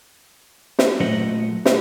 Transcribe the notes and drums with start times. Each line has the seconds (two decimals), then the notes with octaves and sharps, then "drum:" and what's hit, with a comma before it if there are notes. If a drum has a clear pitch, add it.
0.79 drum: snare
1.00 A#2 F#3 A3 D#5 F#5
1.65 drum: snare